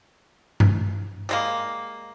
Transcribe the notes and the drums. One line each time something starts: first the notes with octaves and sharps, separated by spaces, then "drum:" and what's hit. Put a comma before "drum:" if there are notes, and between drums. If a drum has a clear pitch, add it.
drum: tom G2
G3 G#3 A#3